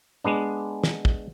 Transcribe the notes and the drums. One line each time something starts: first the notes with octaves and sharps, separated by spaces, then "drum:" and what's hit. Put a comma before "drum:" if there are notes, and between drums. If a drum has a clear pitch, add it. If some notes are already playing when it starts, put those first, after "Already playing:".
G#3 B3 D4
drum: snare
drum: kick